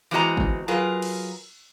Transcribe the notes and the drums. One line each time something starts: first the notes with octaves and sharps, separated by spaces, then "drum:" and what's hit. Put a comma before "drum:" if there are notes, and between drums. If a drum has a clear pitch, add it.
E3 G#3 C4 F#4 D#5 A#5
drum: kick G1
F#3 F4 G#4 A#4 B4
drum: cymbal